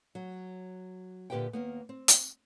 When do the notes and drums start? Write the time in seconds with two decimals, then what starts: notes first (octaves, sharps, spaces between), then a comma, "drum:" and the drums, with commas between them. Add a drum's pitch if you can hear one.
0.15 F#3
1.30 A#2 D3 G4 B4 E5 G5
1.53 D#2 A#3 B3
1.89 C4
2.08 drum: hi-hat